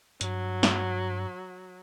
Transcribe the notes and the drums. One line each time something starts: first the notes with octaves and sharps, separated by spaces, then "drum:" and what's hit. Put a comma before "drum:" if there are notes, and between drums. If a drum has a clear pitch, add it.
G2 F#3, drum: hi-hat
drum: snare